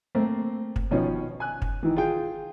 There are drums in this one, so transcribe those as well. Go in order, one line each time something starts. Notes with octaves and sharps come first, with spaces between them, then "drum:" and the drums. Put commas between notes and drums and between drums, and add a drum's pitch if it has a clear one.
A3 A#3 C4
drum: kick
B2 D#3 F3 C#4
G#5 F#6
drum: kick
D#3 E3
F4 G#4 G5